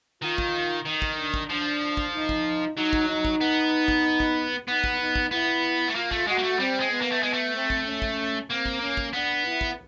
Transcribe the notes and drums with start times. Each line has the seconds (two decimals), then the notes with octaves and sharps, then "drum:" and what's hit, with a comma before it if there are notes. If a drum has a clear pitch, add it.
0.22 D#3 F4
0.38 drum: kick
0.85 D#3 D#4
1.02 drum: kick
1.17 D4
1.34 drum: kick
1.49 F3 D4
1.97 drum: kick
2.13 D#4
2.29 drum: kick
2.77 F#3 D#4
2.93 drum: kick
3.09 D#4
3.25 drum: kick
3.41 B3
3.88 drum: kick
4.20 drum: kick
4.68 B3 D#4
4.84 drum: kick
5.00 D#4
5.16 drum: kick
5.31 B3 E4
5.88 A3
5.95 A#3 F4
6.11 A3, drum: kick
6.27 G#3 F#4
6.38 A#3
6.43 A3
6.59 G3 C4
6.80 G#3
6.90 B3
7.01 A#3
7.12 A3
7.22 G#3 B3
7.33 A3
7.54 C4
7.70 drum: kick
7.86 C#4
8.02 drum: kick
8.50 A#3 C4
8.66 drum: kick
8.81 C#4
8.97 drum: kick
9.13 B3 D4
9.45 E4
9.61 drum: kick